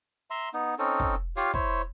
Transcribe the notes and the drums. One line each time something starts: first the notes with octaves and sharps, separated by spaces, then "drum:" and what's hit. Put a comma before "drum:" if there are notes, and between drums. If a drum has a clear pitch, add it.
E5 A#5 C6
B3 D#4
C4 C#4 D#4 A4
drum: kick
F4 G4 C#5 F5, drum: hi-hat
E4 C5 C#5, drum: kick